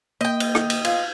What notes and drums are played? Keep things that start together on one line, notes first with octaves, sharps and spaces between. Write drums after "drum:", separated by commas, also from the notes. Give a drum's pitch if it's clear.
A#3 D#5 G5
drum: cymbal
drum: rim click
drum: cymbal
F4 G#6, drum: cymbal